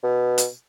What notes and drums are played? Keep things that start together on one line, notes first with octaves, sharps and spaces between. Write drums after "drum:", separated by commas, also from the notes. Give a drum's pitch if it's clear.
B2
drum: hi-hat